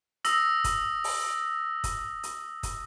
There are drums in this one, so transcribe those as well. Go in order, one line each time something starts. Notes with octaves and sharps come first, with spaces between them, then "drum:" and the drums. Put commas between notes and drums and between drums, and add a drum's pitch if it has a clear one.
D#6 E6 A#6, drum: hi-hat
drum: kick, hi-hat
drum: open hi-hat
drum: kick, hi-hat
drum: hi-hat
drum: kick, hi-hat